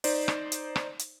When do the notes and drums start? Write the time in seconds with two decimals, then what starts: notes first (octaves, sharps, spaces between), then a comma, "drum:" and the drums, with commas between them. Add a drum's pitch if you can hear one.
0.04 D#4 C5 D5, drum: open hi-hat
0.28 drum: rim click
0.52 drum: hi-hat
0.76 drum: rim click
0.99 drum: hi-hat